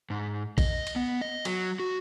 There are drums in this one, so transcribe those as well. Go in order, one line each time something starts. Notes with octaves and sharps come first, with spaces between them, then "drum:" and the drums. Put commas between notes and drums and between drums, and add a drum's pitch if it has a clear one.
G#2
D#5, drum: kick, cymbal
drum: cymbal
B3
D#5
F#3, drum: cymbal
F#4